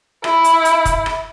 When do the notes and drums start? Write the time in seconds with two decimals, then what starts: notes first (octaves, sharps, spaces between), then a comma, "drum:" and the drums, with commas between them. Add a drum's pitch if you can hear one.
0.24 E4, drum: rim click
0.44 drum: hi-hat
0.65 drum: hi-hat
0.85 drum: kick, hi-hat
1.06 drum: rim click